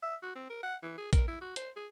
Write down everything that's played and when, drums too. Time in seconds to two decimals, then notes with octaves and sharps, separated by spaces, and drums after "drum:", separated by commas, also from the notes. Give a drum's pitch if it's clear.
0.03 E5
0.23 F#4
0.36 C4
0.50 A#4
0.63 F#5
0.83 E3
0.98 G#4
1.13 A#4, drum: kick A#1, hi-hat
1.28 E4
1.41 F#4
1.56 C5, drum: hi-hat
1.76 G#4